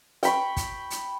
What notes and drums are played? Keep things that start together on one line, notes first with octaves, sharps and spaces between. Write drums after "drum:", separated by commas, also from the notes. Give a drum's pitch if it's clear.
G5 B5 C#6, drum: hi-hat
drum: kick, hi-hat
drum: hi-hat